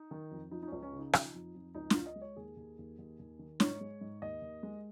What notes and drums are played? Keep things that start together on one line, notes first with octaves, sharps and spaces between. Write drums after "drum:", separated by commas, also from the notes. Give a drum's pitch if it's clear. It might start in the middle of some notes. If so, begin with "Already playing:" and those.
Already playing: D#4
D#3
F2
F3 D#4
D#4
C#2 C#4
C#4
C#3
D#4
F3, drum: rim click
F2
F2
C#2 D#4
F4, drum: snare
C#2
D#5
G#3
C#5
D#2 G#4
D#2
D#2
D#2
D#2
D#3
G#2 C#5, drum: snare
G#3
G#2
D#2 D#5
D#2
G#3